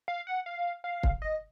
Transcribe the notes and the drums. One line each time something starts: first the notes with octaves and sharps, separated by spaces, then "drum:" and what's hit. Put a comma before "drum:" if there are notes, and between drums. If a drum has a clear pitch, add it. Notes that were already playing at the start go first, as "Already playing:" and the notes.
F5
F#5
F5
F5
drum: kick
D#5